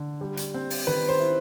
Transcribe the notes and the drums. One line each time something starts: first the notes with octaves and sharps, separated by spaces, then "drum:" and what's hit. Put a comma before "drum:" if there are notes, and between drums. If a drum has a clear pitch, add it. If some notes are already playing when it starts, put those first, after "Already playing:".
Already playing: D3
G3
drum: hi-hat
C4
drum: open hi-hat
D#3 B4
C5
E4